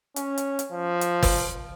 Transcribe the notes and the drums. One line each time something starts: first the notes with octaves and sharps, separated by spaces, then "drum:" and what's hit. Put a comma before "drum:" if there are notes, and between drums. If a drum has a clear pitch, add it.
C#4, drum: hi-hat
drum: hi-hat
drum: hi-hat
F3
drum: hi-hat
drum: kick G1, open hi-hat